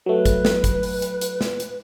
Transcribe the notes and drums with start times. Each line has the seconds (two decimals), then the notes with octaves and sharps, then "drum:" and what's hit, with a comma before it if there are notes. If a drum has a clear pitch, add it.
0.06 F#3 A3 B4
0.25 drum: kick G#1, hi-hat
0.45 drum: snare
0.64 drum: kick G#1, hi-hat
0.83 drum: open hi-hat
1.02 drum: hi-hat
1.21 drum: hi-hat
1.41 drum: snare
1.60 drum: hi-hat